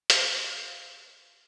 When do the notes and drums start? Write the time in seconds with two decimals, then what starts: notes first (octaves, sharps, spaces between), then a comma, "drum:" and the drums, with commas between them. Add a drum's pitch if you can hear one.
0.10 C5 F5 C6, drum: hi-hat